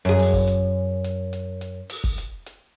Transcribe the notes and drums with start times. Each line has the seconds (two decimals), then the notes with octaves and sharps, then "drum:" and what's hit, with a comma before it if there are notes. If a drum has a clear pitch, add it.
0.05 F#2 G#4
0.19 drum: open hi-hat
0.33 drum: kick
0.48 drum: hi-hat
1.04 drum: hi-hat
1.33 drum: hi-hat
1.61 drum: hi-hat
1.90 drum: open hi-hat
2.04 drum: kick
2.18 drum: hi-hat
2.46 drum: hi-hat